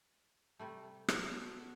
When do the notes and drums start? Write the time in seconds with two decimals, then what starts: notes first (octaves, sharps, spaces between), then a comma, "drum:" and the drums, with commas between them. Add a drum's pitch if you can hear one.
0.59 C3 G3 A3
1.08 drum: rim click
1.28 B3 F#4 A4